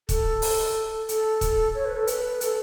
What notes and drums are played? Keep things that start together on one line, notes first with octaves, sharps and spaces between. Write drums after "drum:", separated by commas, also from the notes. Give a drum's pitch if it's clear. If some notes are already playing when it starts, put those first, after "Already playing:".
A4, drum: kick, hi-hat
drum: open hi-hat
A4, drum: hi-hat
drum: kick, hi-hat
C#5
B4
A4
B4, drum: hi-hat
A4, drum: hi-hat